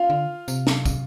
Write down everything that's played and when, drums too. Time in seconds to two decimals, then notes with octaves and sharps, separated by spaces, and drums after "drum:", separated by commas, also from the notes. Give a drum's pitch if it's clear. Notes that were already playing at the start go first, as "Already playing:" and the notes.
Already playing: F4 F5
0.10 D3
0.48 C3, drum: tambourine
0.67 drum: snare
0.86 drum: kick, tambourine